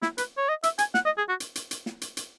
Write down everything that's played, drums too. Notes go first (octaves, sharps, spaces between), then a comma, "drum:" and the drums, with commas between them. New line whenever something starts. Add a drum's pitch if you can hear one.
E4, drum: snare
B4, drum: hi-hat
C#5
D#5
E5, drum: hi-hat
G#5, drum: hi-hat
F#5, drum: snare
D#5
G#4
F#4
drum: hi-hat
drum: hi-hat
drum: hi-hat
drum: snare
drum: hi-hat
drum: hi-hat